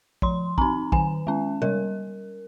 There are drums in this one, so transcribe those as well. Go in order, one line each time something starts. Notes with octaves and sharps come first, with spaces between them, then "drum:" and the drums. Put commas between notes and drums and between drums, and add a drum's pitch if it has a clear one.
F3 C6, drum: kick
C4 D#4 A#5, drum: kick
D#3 G#5, drum: kick
G#3 C#4
G3 A#4, drum: tom C3